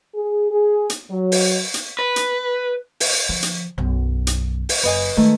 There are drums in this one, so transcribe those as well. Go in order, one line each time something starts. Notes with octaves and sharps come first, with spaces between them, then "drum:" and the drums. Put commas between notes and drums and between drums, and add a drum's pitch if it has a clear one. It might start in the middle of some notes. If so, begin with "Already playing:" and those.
G#4
G#4
drum: hi-hat
F#3
drum: open hi-hat
drum: hi-hat
B4
drum: hi-hat
drum: open hi-hat
D3 F3
drum: hi-hat
B1 F#2
drum: hi-hat
drum: open hi-hat
F#1 B4 D#5 G#5
D#3 G#3 A3